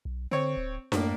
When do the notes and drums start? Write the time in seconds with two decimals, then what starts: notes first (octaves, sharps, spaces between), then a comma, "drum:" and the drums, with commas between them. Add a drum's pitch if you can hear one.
0.05 B1
0.31 D3 C4 C#5
0.57 D1
0.92 F#2 A2 A#3, drum: snare D4